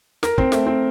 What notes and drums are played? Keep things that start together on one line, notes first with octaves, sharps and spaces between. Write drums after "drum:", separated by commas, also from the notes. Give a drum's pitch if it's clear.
A#4, drum: snare
C4, drum: kick
A3, drum: snare
C4